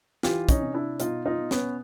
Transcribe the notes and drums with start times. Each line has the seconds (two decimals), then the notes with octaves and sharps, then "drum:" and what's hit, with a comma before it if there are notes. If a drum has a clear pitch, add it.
0.23 E3 F4 G4, drum: snare
0.49 C#4 D#4, drum: kick, hi-hat
0.62 C3
0.74 D4 E4
1.00 B2 D#4 F4, drum: hi-hat
1.26 D#4 F4
1.38 B2
1.51 B3 C#4, drum: snare